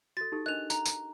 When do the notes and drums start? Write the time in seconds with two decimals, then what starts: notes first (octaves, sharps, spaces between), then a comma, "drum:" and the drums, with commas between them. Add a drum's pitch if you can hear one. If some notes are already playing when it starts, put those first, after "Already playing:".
0.17 F#4 A4 A6
0.32 D#4 G4 A4
0.46 D4 A#4 D#5 F#6 F7
0.70 A#5, drum: tambourine
0.86 drum: tambourine